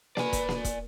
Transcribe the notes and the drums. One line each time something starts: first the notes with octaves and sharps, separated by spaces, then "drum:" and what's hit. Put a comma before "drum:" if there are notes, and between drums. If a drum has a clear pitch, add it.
B4 D5 G#5, drum: snare A#3
drum: kick E1, hi-hat
drum: snare A#3
drum: kick E1, hi-hat